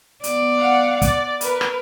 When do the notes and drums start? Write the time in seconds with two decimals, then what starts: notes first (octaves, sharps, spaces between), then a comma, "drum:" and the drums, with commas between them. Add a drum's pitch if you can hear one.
0.24 B3 D5, drum: hi-hat
0.58 F5 F#5
1.02 D5, drum: kick, hi-hat
1.41 A#4 B4, drum: hi-hat
1.61 drum: rim click